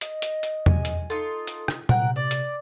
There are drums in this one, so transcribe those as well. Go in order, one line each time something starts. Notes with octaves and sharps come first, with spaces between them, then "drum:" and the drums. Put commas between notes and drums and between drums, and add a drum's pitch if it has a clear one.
D#5, drum: hi-hat
drum: hi-hat
drum: hi-hat
G#5, drum: tom E2
drum: hi-hat
D#4 F4 A4
drum: hi-hat
drum: rim click
C3 A#4 F#5 G5, drum: tom A#2
D5
drum: hi-hat